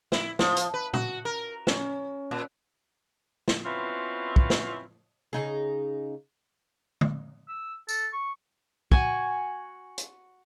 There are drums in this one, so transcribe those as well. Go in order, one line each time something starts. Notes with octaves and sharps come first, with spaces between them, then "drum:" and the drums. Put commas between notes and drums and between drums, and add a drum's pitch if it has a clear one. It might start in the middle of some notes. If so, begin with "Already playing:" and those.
E4, drum: snare
F3, drum: snare
drum: hi-hat
B4
F#4, drum: tom A#2
A#4
C#4, drum: snare
A#2
drum: snare
B2 C4 C#4 E4 F4 B4
drum: kick
drum: snare
C#3 D#4 G#4
drum: tom
E6
A4, drum: tambourine
C#6
F#4 G#5, drum: kick
drum: hi-hat